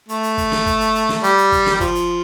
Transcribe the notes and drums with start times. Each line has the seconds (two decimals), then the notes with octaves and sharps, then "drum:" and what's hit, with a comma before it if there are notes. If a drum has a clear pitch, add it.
0.09 A3, drum: hi-hat
0.23 drum: hi-hat
0.37 drum: kick, hi-hat
0.52 drum: snare
0.66 drum: kick, hi-hat
0.80 drum: hi-hat
0.95 drum: hi-hat
1.09 drum: snare
1.23 G3, drum: hi-hat
1.38 drum: hi-hat
1.52 drum: kick, hi-hat
1.66 drum: snare
1.76 G3
1.80 F3, drum: kick, hi-hat
1.95 drum: hi-hat